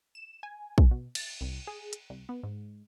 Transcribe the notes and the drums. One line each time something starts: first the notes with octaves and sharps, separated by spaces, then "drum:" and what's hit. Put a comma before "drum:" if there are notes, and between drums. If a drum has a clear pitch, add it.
E7
G#5
drum: kick
B2
A6, drum: cymbal
C2
G#4
drum: hi-hat
C2
B3
G#2